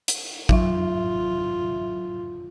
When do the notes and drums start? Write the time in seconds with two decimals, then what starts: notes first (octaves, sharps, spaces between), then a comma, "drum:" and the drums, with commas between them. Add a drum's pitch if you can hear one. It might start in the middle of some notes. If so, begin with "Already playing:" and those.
0.08 drum: hi-hat
0.49 F#3 F4 E5, drum: kick